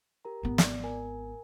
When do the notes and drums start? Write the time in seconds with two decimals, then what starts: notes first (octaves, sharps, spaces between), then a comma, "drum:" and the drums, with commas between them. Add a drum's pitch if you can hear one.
0.25 G4 A#4 A#5
0.43 G#1 B3
0.58 D5, drum: snare
0.84 A#4 G#5